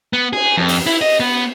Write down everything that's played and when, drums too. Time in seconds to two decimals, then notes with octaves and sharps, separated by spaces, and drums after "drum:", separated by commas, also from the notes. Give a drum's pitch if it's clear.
0.13 B3
0.33 G#4, drum: cymbal
0.57 F2
0.68 drum: open hi-hat
0.86 E4
1.01 D#5
1.20 B3